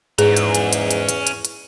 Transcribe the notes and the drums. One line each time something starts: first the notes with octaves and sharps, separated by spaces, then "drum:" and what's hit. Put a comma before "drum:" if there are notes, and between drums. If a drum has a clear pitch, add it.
E2 G#2 C#4 G#4 A#5, drum: hi-hat
drum: hi-hat
drum: hi-hat
drum: hi-hat
drum: hi-hat
drum: hi-hat
drum: hi-hat
drum: hi-hat